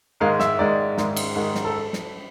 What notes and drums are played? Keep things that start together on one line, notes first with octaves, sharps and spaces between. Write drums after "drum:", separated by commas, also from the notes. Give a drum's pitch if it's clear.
G#2 D#3 G#3 F5
E5, drum: snare
G#2 D#3 G#3 D5
G#2 D#3 G#3, drum: snare
drum: cymbal
G#2 D#3 G#3
drum: snare
A4
drum: snare